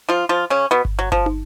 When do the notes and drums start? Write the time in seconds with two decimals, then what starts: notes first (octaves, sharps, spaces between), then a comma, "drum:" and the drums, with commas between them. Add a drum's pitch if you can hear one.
0.09 F3 F4
0.29 F3 F4
0.50 C#3 C#4
0.71 B2 B3
0.85 drum: kick G1
0.99 F#3
1.12 F3, drum: kick G1
1.26 drum: tom